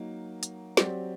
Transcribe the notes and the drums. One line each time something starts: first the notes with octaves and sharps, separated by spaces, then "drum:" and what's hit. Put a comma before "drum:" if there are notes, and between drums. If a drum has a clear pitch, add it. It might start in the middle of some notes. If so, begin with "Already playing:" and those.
Already playing: F#3 A#3 D#4
drum: hi-hat
F#3 C4 G4 D5, drum: snare